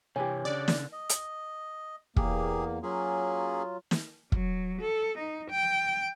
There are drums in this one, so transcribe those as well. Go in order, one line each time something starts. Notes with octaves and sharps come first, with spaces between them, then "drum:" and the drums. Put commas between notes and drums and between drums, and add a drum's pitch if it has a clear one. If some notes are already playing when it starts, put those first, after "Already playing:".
C3 E3 G4 B4 C#5 G#5
C#3 D4 D5
drum: snare
D#5
drum: hi-hat
E2 A#3 G4 G#4, drum: kick
F#3 A#3 C#4 F4 G#4
drum: snare
F#3, drum: kick
A4
D#4
G5